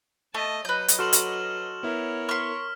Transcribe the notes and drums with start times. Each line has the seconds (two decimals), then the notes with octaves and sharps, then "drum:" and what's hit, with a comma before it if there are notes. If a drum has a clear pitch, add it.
0.34 A3 D#5 A5
0.65 F#3 B4 D#5 G6
0.88 drum: hi-hat
0.99 F#4 A4 C6 F6 E7 F#7
1.13 drum: hi-hat
1.83 B3 E4 A#4 C#5
2.29 C6 C#6 F6 B6